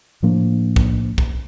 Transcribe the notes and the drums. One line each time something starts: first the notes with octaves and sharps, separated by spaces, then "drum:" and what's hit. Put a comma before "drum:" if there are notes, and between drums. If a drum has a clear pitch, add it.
A2 F3 A#3 D4
drum: kick B1
drum: kick B1